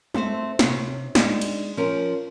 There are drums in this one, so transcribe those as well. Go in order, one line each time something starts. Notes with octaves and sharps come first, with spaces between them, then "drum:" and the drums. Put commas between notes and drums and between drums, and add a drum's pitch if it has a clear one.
A3 C4 A4 C5, drum: tom G3
C3 C#5, drum: snare
G#3 D4 D#4, drum: snare
drum: cymbal
F3 C#4 A#4